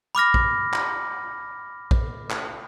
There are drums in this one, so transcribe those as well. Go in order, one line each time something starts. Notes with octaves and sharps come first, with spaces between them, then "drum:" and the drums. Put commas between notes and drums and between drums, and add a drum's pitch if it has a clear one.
B5 D6 F6 A#6
drum: kick A#1
drum: clap
drum: kick A#1
drum: clap